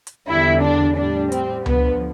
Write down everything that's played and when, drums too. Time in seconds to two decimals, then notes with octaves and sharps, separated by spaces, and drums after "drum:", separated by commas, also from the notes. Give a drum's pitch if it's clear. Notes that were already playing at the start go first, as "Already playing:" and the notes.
0.07 drum: hi-hat
0.28 E2 D3 G3 E4
0.62 D4
0.97 A2 G3 D4
1.32 C4, drum: hi-hat
1.66 D2 D3 F3 B3, drum: tom C#2